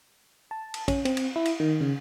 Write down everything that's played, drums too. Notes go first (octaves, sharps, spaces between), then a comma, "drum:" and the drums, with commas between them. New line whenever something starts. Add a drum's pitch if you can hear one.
A5
drum: cymbal
C#4, drum: kick, cymbal
C4, drum: cymbal
drum: cymbal
E4
drum: cymbal
D#3
C#3